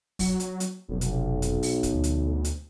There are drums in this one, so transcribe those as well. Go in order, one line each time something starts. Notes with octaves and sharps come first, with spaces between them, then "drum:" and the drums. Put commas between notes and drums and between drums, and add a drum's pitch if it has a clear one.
F#3, drum: kick, open hi-hat
drum: hi-hat
drum: hi-hat
F1 B1
drum: hi-hat
drum: hi-hat
drum: open hi-hat
drum: kick, hi-hat
D2
drum: hi-hat
drum: hi-hat